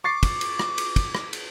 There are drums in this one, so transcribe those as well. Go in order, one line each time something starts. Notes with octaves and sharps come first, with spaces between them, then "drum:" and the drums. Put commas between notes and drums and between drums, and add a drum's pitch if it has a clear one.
C#6 D6 A6 C7
drum: kick, cymbal
drum: cymbal
drum: rim click
drum: cymbal
drum: kick, cymbal
drum: rim click
drum: cymbal